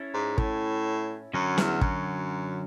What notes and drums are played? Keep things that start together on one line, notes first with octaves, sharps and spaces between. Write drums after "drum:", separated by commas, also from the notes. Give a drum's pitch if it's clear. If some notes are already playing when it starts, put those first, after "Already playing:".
Already playing: C#4 E4 A4 C#5
G#2
A2, drum: kick
F#2 D3 F#3 C#4 F#4
E2, drum: snare
F#2, drum: kick